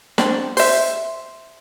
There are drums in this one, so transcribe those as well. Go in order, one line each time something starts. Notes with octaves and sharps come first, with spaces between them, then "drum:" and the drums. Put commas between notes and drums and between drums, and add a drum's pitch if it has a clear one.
C4 D4, drum: snare
C5 E5, drum: open hi-hat